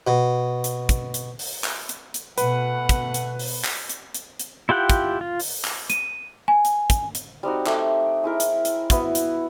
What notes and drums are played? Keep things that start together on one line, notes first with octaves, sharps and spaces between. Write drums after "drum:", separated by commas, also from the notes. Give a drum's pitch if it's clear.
B2
drum: hi-hat
drum: kick, hi-hat
drum: hi-hat
drum: open hi-hat
drum: clap
drum: hi-hat
drum: hi-hat
B2 A3 B4 F#5, drum: hi-hat
drum: kick, hi-hat
drum: hi-hat
drum: open hi-hat
drum: clap
drum: hi-hat
drum: hi-hat
drum: hi-hat
E4 F4 G4 F#5 G5
drum: kick, hi-hat
F4
drum: open hi-hat
drum: clap
D#7, drum: hi-hat
G#5
drum: hi-hat
drum: kick, hi-hat
drum: hi-hat
G3 C4 D#4 F#4
A3 G4, drum: clap
G#3 E4 A#4
drum: hi-hat
drum: hi-hat
B3 E4 F#4, drum: kick, hi-hat
drum: hi-hat